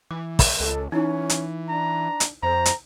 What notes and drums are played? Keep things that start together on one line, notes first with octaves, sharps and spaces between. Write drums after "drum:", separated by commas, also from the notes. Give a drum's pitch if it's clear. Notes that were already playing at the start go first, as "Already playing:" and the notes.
E3 D6
drum: kick, open hi-hat
C#2 A4
E3 C#4 D#4 E4
drum: hi-hat
D4 A#5
drum: hi-hat
F2 C5 A#5
drum: hi-hat